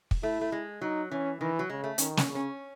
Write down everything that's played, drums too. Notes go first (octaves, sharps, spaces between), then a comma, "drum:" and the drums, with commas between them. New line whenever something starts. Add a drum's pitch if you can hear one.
drum: kick
A3 E4
A3
G#3
F#3 D#4
E3 C#4
D#3 E3
F#3
C#3 G#3
A3
D#3 C#4, drum: hi-hat
C#4, drum: snare
C#3
C#4